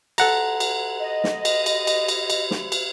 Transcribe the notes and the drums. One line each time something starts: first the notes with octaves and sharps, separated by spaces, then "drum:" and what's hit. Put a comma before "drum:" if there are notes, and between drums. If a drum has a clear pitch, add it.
A4 F#5 A#5, drum: cymbal
drum: cymbal
D#5
drum: snare
drum: cymbal
drum: cymbal
drum: cymbal
drum: cymbal
drum: cymbal
drum: snare
drum: cymbal